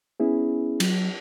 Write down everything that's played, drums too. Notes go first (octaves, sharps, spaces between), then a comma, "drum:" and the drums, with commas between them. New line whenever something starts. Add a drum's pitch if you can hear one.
B3 C#4 E4 G#4
F#3, drum: cymbal